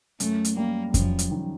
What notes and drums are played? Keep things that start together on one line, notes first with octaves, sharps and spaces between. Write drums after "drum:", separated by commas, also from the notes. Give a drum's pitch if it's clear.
F#2 A3, drum: hi-hat
drum: hi-hat
G3 A#3
F#2 F3, drum: kick F2, hi-hat
drum: hi-hat
D#3